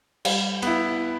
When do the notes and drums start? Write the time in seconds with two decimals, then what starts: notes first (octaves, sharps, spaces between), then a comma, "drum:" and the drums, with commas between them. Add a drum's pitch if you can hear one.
0.25 G3, drum: cymbal
0.62 B3 E4, drum: cymbal